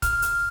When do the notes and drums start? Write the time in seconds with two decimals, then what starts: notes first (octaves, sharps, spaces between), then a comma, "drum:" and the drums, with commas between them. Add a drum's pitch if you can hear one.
0.02 F6, drum: kick, hi-hat
0.22 drum: hi-hat